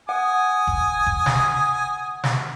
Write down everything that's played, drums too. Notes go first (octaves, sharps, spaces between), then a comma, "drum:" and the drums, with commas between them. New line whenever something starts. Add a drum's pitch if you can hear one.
F#5 G#5 D#6
drum: kick F1
drum: kick F1
drum: snare
drum: snare